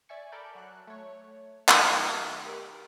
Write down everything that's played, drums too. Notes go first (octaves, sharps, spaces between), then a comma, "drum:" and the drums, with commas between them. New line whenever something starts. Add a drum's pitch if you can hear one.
D5 E5 G#5 C#6
A4 A#4 D5 B5 G6
F#3 F#6
A3 C#5
drum: clap
D#3 A3 D#4 F#4 G4 A4
G4 A#4